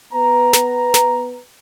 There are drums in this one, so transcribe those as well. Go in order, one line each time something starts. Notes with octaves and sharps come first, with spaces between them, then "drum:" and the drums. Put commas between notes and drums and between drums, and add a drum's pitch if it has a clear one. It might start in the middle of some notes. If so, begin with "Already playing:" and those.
B3 B4 A#5
drum: snare
drum: snare